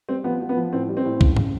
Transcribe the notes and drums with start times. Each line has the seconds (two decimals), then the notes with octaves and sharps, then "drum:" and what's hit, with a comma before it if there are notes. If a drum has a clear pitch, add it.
0.09 G3 C4
0.24 F3 B3
0.41 F3
0.49 B3
0.57 F3
0.72 A2 C4
0.88 G3
0.97 C4
1.05 A2
1.21 C#3, drum: kick
1.37 C#3, drum: tom